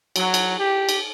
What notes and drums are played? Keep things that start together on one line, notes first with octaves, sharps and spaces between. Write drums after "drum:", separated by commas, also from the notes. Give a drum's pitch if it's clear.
F#3, drum: cymbal
drum: cymbal
G4
drum: cymbal